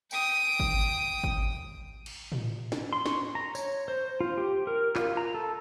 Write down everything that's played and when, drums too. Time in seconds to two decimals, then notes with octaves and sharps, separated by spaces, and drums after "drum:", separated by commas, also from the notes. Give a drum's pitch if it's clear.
0.11 G5 D#6, drum: tambourine
0.60 drum: kick G#1
1.24 drum: kick G#1
2.06 drum: cymbal
2.32 drum: tom A2
2.72 drum: snare
2.93 C6
3.06 C#6, drum: snare
3.35 A#5
3.55 C#5, drum: tambourine
3.88 C5
4.21 F4
4.38 G4
4.67 A#4
4.96 F4, drum: clap
5.17 A#5
5.34 A4